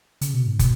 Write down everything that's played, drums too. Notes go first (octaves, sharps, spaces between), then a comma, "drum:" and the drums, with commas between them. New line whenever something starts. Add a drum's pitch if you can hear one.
C#3, drum: hi-hat
B2
G#2
B2, drum: kick, hi-hat